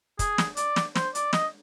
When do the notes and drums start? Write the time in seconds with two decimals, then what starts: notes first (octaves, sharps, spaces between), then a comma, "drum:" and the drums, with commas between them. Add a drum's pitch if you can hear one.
0.19 G#4, drum: kick, hi-hat
0.38 drum: snare
0.57 D5, drum: hi-hat
0.76 drum: snare
0.96 C5, drum: snare
1.15 D5, drum: hi-hat
1.33 D#5, drum: snare